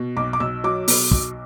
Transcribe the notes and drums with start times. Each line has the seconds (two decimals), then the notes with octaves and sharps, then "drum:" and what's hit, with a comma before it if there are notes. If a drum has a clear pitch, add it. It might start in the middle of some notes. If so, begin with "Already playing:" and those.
Already playing: B2
0.16 B1 D6
0.33 D6
0.40 B1 E6
0.64 F#3 D6
0.88 B2, drum: open hi-hat
1.11 B1, drum: kick